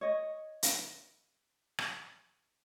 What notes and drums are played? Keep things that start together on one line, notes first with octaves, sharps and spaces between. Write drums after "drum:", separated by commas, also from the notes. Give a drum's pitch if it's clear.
C#5 D#5
drum: hi-hat
drum: rim click